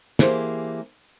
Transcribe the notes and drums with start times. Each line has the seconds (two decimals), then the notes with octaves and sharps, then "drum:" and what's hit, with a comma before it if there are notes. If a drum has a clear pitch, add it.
0.19 E3 A#3 G4 G#4 C5, drum: snare